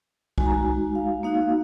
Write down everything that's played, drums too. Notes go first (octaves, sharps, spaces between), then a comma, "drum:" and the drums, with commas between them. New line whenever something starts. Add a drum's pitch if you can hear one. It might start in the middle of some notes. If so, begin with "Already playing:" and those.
G#3 D#4 F#4 G#5, drum: kick B1
A#5
G#5
F5
A#3 D#4 F#4 F5